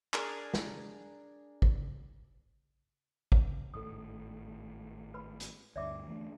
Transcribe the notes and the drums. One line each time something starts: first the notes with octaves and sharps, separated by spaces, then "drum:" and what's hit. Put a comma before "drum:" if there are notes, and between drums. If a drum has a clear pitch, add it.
D4 G#4 A#4 D5, drum: clap
drum: snare
drum: kick
drum: kick
G#1 A2 A4 D#6
B4 B5
drum: hi-hat
D2 G2 D3 D5 E5 D6
E3 A3 D4